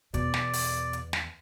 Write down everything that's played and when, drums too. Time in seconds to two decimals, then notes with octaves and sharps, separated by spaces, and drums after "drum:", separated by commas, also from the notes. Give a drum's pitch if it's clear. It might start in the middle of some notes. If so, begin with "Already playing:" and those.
0.14 E2 B2 D5, drum: hi-hat
0.34 drum: snare
0.53 drum: open hi-hat
0.93 drum: hi-hat
1.13 drum: snare